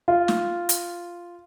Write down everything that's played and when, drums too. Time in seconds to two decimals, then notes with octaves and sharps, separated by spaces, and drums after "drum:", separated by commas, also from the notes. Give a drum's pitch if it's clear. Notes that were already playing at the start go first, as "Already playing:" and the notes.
0.08 F4
0.28 drum: snare
0.69 drum: hi-hat